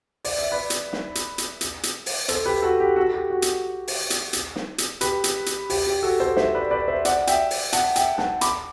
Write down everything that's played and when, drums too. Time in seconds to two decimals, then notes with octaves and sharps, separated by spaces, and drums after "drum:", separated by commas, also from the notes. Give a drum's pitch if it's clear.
0.25 D5, drum: open hi-hat
0.39 E5
0.52 B4 D5
0.70 drum: hi-hat
0.93 drum: snare
1.15 drum: hi-hat
1.38 drum: hi-hat
1.61 drum: hi-hat
1.83 drum: hi-hat
2.06 drum: open hi-hat
2.28 A4 C5, drum: hi-hat
2.46 G4 B4
2.62 F#4 A4
2.80 G4
2.96 F#4 A4
3.14 G4
3.30 F#4
3.42 drum: hi-hat
3.88 drum: open hi-hat
4.10 drum: hi-hat
4.33 drum: hi-hat
4.56 drum: snare
4.78 drum: hi-hat
5.01 G4 B4, drum: hi-hat
5.24 drum: hi-hat
5.46 drum: hi-hat
5.70 G4, drum: open hi-hat
5.87 G4
6.03 F#4 A4
6.20 A4 C5
6.36 C5 E5, drum: snare
6.55 B4 D5
6.71 B4 D5
6.88 C5 E5
7.05 D5 F#5, drum: hi-hat
7.27 E5 G5, drum: hi-hat
7.51 drum: open hi-hat
7.73 F#5 A5, drum: hi-hat
7.96 E5 G5, drum: hi-hat
8.18 F#5 A5, drum: snare
8.41 B5 D6, drum: hi-hat